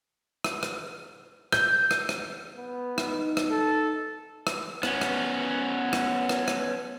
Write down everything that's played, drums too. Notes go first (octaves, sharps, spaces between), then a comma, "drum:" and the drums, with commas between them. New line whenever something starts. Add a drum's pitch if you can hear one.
drum: rim click
drum: rim click
G6, drum: rim click
drum: rim click
drum: rim click
B3
D#4, drum: rim click
drum: rim click
A4
drum: rim click
B3 C#4, drum: rim click
drum: rim click
drum: rim click
drum: rim click
drum: rim click